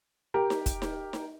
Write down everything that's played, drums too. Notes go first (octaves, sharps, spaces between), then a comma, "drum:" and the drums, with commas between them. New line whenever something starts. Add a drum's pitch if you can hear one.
G4 A#4
drum: snare D#4
drum: kick, hi-hat
drum: snare D#4
drum: snare D#4